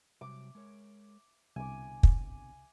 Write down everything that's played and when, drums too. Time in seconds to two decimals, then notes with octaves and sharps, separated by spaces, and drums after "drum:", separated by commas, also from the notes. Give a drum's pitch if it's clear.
0.21 C3 F#3 G3 D6
0.55 G#3 A#4 C#5
1.56 C2 B2 D3 C4 G#5 D6
2.03 drum: kick